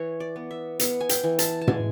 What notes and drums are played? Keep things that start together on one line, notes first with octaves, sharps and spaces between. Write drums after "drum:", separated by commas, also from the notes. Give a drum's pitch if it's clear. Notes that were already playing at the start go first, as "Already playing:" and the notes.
Already playing: E3 C#5
D5
B3
E5
B3, drum: hi-hat
G#5
G5, drum: hi-hat
E3
A5, drum: hi-hat
A5
G#3 G#5, drum: tom